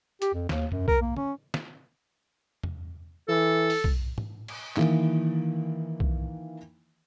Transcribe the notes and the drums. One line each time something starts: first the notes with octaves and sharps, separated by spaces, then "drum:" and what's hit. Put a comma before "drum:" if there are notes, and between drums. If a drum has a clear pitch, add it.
G4, drum: hi-hat
F2
D#2, drum: snare
F#2, drum: tom
A#4, drum: kick B1
A#3
C#4, drum: tom
drum: snare
drum: tom
E3 A4
drum: open hi-hat
drum: kick B1
drum: tom G#2
drum: cymbal
D#3 E3 A#3, drum: clap
drum: kick B1